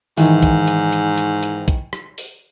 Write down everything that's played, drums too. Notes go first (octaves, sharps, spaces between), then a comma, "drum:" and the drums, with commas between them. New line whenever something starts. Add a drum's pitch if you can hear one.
G#2 D#3 E3, drum: open hi-hat
drum: kick, hi-hat
drum: hi-hat
drum: hi-hat
drum: hi-hat
drum: hi-hat
drum: kick, hi-hat
drum: rim click
drum: open hi-hat